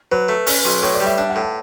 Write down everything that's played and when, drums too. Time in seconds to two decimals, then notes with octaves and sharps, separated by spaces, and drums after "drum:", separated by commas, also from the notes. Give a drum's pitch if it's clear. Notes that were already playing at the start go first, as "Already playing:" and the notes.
0.12 F#3 B4
0.29 A3
0.47 C#4, drum: open hi-hat
0.65 B1
0.82 A2 C#5
0.94 D5
1.00 G3
1.06 E5
1.18 D4 E5
1.30 F#5
1.36 A2
1.42 A5